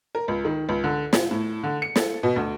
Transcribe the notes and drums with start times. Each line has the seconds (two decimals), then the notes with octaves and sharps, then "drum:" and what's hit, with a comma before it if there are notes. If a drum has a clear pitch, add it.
0.15 A#4
0.28 C#2
0.45 D#3
0.69 C#2
0.84 D3
1.13 A#2, drum: snare
1.31 A2
1.63 D3
1.82 C#7
1.96 A4, drum: snare
2.23 B2
2.36 D2